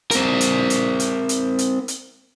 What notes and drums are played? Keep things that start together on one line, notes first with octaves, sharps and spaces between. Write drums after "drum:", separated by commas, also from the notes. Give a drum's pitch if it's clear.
C4 A#4, drum: hi-hat
drum: hi-hat
drum: hi-hat
drum: hi-hat
drum: hi-hat
drum: hi-hat
drum: hi-hat